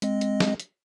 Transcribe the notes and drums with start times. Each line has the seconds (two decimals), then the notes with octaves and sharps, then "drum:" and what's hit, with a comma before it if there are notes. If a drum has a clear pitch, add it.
0.02 G#3 C4 D#5, drum: hi-hat
0.21 drum: hi-hat
0.40 drum: snare
0.60 drum: hi-hat